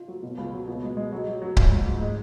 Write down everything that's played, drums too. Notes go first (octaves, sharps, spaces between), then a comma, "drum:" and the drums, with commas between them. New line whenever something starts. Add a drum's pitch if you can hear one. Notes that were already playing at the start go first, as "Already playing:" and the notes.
Already playing: F4
F#3
B2
C#2
F#3
B2
G#3
G#3
F#3
F#3
F#3
F3, drum: kick C#1
G#2
G#2
G#3